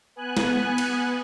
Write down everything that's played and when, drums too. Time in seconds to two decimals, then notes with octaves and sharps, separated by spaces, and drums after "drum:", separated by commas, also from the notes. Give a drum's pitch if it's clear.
0.16 B3 G#5 F#6
0.37 drum: snare
0.78 drum: cymbal